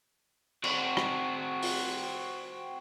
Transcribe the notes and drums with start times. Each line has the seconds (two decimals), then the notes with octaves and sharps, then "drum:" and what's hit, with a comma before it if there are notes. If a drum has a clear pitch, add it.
0.64 C4 F#4, drum: cymbal
0.97 drum: rim click
1.62 drum: open hi-hat